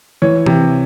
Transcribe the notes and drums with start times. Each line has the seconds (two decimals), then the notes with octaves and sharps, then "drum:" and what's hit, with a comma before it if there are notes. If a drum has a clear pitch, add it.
0.22 E3 C#5
0.46 C3, drum: tom E3